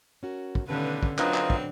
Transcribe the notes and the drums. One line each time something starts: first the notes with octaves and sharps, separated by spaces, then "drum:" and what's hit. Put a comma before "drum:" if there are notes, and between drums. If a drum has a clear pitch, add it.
C#4 F#4 A#4
drum: kick
G2 B2 D3 D#3 A3 C#4 B4
drum: kick
D3 F#3 C4 D4 F4 A#4 B4 D#5, drum: clap
drum: clap
drum: kick